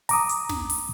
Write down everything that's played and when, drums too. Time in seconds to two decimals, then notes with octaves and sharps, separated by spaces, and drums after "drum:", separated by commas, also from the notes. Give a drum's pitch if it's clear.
0.09 A#5 D6 D#6, drum: open hi-hat
0.29 drum: hi-hat
0.49 drum: snare
0.70 drum: open hi-hat